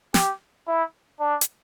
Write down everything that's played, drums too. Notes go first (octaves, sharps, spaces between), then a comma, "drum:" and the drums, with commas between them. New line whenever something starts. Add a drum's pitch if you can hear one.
G4, drum: snare
E4
D4
drum: hi-hat